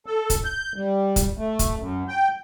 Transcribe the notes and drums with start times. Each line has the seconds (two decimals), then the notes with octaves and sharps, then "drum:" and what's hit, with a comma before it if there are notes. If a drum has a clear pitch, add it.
0.06 A4
0.30 drum: kick, hi-hat
0.44 G6
0.76 G3
1.16 drum: kick, hi-hat
1.38 A3
1.59 drum: kick, hi-hat
1.78 F#2
2.08 G5